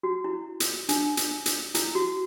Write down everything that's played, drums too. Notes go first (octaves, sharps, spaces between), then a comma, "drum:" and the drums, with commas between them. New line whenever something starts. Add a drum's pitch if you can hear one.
F#4
E4
drum: hi-hat
D4, drum: hi-hat
drum: hi-hat
drum: hi-hat
E4, drum: hi-hat
F#4